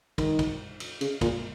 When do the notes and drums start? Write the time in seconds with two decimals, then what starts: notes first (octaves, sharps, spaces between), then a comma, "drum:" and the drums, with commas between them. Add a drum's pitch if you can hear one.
0.18 D#3, drum: kick, cymbal
0.39 drum: kick, cymbal
0.80 drum: cymbal
1.01 C#3, drum: cymbal
1.21 A#2, drum: kick, cymbal